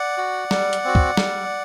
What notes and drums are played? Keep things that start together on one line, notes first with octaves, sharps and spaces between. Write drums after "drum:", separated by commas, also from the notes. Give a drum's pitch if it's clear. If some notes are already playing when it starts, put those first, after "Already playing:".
Already playing: D5 F#5
F#4
G3, drum: snare
drum: hi-hat
C4 F#4
drum: kick
G3, drum: snare